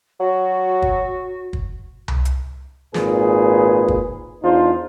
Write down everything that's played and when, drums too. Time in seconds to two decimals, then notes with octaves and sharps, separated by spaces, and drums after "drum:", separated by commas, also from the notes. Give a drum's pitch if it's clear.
0.20 F#3 F#4
0.82 drum: kick
1.53 drum: kick
2.08 drum: tom C2
2.25 drum: hi-hat
2.94 G#1 A#2 G#4 B4, drum: snare
3.88 drum: kick
4.43 E2 D4 D#4 F4 C5